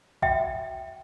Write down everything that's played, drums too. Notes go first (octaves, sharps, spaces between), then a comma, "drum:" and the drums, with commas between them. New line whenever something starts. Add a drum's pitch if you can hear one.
F#4 E5 G5, drum: kick A#1